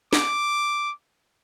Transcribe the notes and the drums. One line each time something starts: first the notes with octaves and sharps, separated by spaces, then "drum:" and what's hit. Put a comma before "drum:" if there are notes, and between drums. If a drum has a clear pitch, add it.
D6, drum: snare